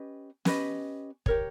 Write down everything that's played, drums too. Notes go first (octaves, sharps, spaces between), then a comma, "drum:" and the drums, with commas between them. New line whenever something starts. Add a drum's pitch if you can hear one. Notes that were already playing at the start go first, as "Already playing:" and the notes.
Already playing: C#4 G4 B4 D#5
C#4 G4 B4 D#5, drum: snare
G4 A#4 C#5, drum: kick